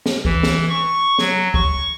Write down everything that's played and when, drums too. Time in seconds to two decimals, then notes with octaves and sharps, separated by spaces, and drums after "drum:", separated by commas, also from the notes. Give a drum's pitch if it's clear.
0.06 drum: snare
0.25 E3, drum: kick
0.43 drum: snare
0.69 C#6
1.19 F#3, drum: snare
1.54 C#6, drum: kick